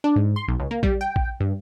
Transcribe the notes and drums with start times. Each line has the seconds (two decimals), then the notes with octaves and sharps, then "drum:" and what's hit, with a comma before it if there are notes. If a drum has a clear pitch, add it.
0.04 D4
0.16 G#2
0.36 C6
0.48 B1
0.59 C#2
0.71 A#3
0.83 G3, drum: kick A#1
1.01 G5
1.16 drum: kick A#1
1.40 G2